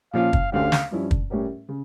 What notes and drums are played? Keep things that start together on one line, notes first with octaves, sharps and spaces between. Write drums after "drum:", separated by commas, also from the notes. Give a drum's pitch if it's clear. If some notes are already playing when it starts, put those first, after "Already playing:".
A#2 F3 C#4 F4 F5
drum: kick
D2 D3 A3 C#4 G4 F5
drum: snare
G2 F3 C#4 E4
drum: kick
A2 G3 C#4 G4 A#4
C#3